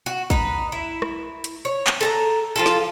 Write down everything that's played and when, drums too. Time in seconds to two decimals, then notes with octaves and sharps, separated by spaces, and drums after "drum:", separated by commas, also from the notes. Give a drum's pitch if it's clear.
0.06 F#4
0.30 D#4 B4, drum: kick
0.72 E4
1.02 drum: rim click
1.44 drum: hi-hat
1.65 C#5
1.87 drum: clap
2.01 A4 A5 A#5
2.56 F3 F4 A4
2.66 drum: snare